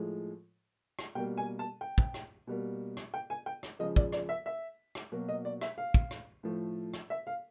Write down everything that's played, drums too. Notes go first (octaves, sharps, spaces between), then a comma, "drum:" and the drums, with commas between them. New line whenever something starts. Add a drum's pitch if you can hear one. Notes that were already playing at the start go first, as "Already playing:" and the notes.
Already playing: A2 F3 G#3
drum: rim click
B2 G3 A#3 G5
G#5
A5
G5
drum: kick
drum: rim click
B2 G3 A#3
drum: rim click
G5
G#5
G5
drum: rim click
C#3 F3 G#3 D#5
D5, drum: kick
D5, drum: rim click
E5
E5
drum: rim click
B2 F#3 A#3
D#5
D5
E5, drum: rim click
F5
drum: kick
drum: rim click
A2 F3 A3
drum: rim click
E5
F5